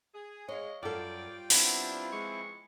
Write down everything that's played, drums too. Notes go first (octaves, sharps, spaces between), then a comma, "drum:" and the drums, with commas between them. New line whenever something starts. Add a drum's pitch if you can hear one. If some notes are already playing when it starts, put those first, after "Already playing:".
G#4
G#3 C#5 D#5 F5
F#2 G3 F4 A4 D5 G5
B3 C4 D4 E4, drum: open hi-hat
F3 G#3 C#6